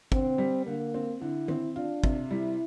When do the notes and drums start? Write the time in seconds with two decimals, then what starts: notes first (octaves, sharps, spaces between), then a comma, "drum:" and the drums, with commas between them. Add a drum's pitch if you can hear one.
0.12 D3 C4, drum: kick
0.38 G3
0.66 D3 A#3
0.94 C4
1.21 D3 E4
1.48 C4, drum: tom D#3
1.76 D4 F4
2.04 C3, drum: kick
2.30 G3 E4